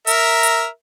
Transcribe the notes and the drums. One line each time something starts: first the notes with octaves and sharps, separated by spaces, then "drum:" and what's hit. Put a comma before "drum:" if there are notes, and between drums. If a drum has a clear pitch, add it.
A#4 E5 A#5, drum: hi-hat
drum: hi-hat